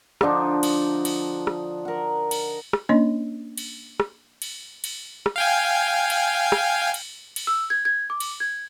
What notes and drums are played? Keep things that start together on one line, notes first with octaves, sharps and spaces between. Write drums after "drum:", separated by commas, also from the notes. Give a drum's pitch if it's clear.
D3 F3 D4 D#4, drum: rim click
drum: cymbal
drum: cymbal
drum: rim click
A#4 F#5
drum: cymbal
drum: rim click
A#3 C#4 D4 C#5 D#5 C6
drum: cymbal
drum: rim click
drum: cymbal
drum: cymbal
drum: rim click
F5 G5 G#5
drum: cymbal
drum: rim click
drum: cymbal
drum: cymbal
E6
G#6
G#6
D6
drum: cymbal
G#6